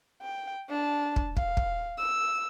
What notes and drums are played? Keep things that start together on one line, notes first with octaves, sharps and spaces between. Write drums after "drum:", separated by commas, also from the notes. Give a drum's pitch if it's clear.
G5
D4 A5
drum: kick
F5, drum: kick
drum: kick
E6